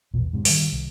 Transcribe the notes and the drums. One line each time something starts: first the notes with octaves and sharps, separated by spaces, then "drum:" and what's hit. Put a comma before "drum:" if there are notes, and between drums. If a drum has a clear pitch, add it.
A#1 E2 B2 B3
G#2 C3
D#3 F#3 G3, drum: open hi-hat
C2